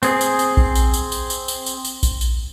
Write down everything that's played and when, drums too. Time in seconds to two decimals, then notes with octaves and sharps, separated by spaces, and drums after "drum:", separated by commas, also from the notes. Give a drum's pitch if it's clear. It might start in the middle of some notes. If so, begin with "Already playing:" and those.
0.03 C4 G#4, drum: tambourine
0.21 drum: tambourine
0.39 drum: tambourine
0.57 drum: kick A#1
0.75 drum: tambourine
0.94 drum: tambourine
1.12 drum: tambourine
1.30 drum: tambourine
1.48 drum: tambourine
1.66 drum: tambourine
1.85 drum: tambourine
2.03 drum: kick A#1, tambourine
2.21 drum: tambourine